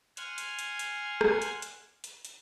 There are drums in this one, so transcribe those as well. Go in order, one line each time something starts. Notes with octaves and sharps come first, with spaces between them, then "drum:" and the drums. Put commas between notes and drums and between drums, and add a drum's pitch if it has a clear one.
F#5 G#5 C6 F6 G#6, drum: hi-hat
drum: hi-hat
drum: hi-hat
drum: hi-hat
drum: rim click
drum: hi-hat
drum: hi-hat
drum: hi-hat
drum: hi-hat